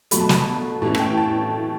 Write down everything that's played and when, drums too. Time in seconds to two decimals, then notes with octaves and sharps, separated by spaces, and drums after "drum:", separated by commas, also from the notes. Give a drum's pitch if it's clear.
0.11 B2 F#3 A3 B5, drum: hi-hat
0.20 A5
0.29 B5, drum: snare
0.82 A2 E3 A3 C#4 A5
0.95 A5, drum: rim click
1.00 G5
1.17 A5